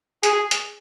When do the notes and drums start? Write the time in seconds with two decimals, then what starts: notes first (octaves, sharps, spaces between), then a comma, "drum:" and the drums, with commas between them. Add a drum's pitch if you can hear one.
0.23 G#4, drum: hi-hat
0.51 drum: hi-hat